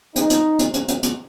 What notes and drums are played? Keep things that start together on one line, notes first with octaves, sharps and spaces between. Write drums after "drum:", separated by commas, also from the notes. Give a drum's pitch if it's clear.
D#4, drum: hi-hat
drum: hi-hat
drum: hi-hat
drum: hi-hat
drum: hi-hat
drum: hi-hat